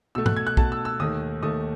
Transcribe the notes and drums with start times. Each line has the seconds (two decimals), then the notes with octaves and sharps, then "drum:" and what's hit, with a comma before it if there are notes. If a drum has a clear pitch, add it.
0.15 B2 A3 E6
0.26 F#6, drum: tom G#2
0.36 G#6
0.47 F#6
0.57 B2 A3 A5, drum: kick
0.72 E6
0.85 E6
0.99 D#2 D#3 A3 D#6
1.42 D#2 D#3 A3 D#6